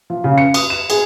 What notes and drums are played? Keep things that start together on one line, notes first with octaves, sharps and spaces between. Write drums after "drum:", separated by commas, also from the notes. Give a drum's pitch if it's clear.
F3
C#3
C#7
D#6, drum: cymbal
E7
G#4, drum: cymbal